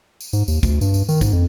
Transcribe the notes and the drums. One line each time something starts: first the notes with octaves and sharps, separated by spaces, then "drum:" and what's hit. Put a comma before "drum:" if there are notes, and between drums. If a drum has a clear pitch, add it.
drum: tambourine
G#2, drum: tambourine
D#2, drum: tambourine
D2, drum: kick, tambourine
G2, drum: tambourine
drum: tambourine
D#3, drum: tambourine
G#2, drum: kick, tambourine
F2